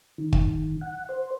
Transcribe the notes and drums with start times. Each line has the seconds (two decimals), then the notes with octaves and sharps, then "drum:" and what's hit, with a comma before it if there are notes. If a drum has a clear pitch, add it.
0.18 D#3
0.33 drum: kick
0.81 F#5
1.09 C5